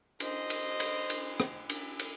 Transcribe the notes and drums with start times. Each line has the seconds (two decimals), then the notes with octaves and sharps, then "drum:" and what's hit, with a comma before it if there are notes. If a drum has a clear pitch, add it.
0.20 C5 D#5, drum: cymbal
0.50 drum: cymbal
0.80 drum: cymbal
1.10 drum: cymbal
1.40 drum: rim click
1.70 drum: cymbal
1.99 drum: cymbal